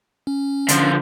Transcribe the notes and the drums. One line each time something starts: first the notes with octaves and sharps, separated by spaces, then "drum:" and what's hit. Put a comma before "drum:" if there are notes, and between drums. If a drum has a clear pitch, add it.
C#4
D3 F3, drum: hi-hat